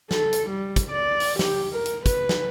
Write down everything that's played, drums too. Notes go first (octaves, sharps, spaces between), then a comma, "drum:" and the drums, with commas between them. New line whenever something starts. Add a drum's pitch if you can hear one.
A4, drum: snare
drum: hi-hat
G3
drum: kick, hi-hat
D5
drum: open hi-hat
G4, drum: snare
A#4
drum: hi-hat
B4, drum: kick, hi-hat
drum: snare